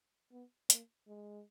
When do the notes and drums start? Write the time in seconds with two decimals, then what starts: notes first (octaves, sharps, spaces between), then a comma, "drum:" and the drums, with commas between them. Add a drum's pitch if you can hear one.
0.32 B3
0.70 A#3, drum: hi-hat
1.08 G#3